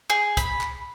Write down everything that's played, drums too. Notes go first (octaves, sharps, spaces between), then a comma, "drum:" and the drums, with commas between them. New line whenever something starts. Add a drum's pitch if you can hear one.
G#4
B5, drum: kick B1, hi-hat
drum: clap